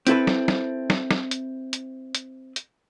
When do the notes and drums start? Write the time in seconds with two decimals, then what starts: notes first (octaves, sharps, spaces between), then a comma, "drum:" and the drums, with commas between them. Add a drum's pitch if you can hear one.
0.07 C4 E4 A4 B4, drum: hi-hat
0.27 drum: snare
0.48 drum: snare
0.90 drum: snare
1.11 drum: snare
1.31 drum: hi-hat
1.73 drum: hi-hat
2.15 drum: hi-hat
2.56 drum: hi-hat